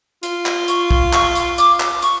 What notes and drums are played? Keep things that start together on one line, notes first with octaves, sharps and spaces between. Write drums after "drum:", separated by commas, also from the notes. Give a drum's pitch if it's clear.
F4, drum: hi-hat
drum: clap
C#6, drum: hi-hat
drum: kick
C#6, drum: clap
drum: hi-hat
D6, drum: hi-hat
drum: clap
C#6, drum: hi-hat